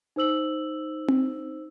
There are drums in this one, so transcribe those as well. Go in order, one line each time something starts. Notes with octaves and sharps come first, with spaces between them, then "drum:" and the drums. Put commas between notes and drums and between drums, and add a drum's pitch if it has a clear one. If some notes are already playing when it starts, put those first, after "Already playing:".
D#4 C5 E6 F#7
drum: tom C4